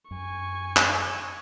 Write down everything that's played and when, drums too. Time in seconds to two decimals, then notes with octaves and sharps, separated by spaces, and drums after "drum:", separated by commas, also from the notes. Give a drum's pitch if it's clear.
0.11 F#2 G#5 C#6
0.77 drum: clap